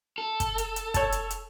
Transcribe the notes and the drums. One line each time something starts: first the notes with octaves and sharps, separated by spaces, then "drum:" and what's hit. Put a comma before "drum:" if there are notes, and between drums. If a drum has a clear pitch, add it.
A4
drum: kick, hi-hat
drum: hi-hat
drum: hi-hat
C#5 A5, drum: kick, hi-hat
drum: hi-hat
drum: hi-hat